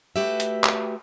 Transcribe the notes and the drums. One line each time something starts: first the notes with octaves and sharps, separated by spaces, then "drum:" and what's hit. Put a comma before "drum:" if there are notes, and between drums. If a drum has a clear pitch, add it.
A3 F#4 G4 B4 E5
drum: hi-hat
drum: clap